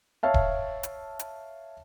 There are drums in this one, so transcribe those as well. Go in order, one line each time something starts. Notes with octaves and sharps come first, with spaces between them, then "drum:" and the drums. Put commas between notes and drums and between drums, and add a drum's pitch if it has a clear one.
C#5 E5 F5 A5
drum: kick D#1
drum: hi-hat
drum: hi-hat